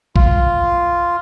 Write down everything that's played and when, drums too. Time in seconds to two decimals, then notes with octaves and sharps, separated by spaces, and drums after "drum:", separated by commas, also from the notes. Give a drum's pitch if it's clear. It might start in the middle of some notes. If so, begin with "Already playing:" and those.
0.16 F4, drum: kick A#1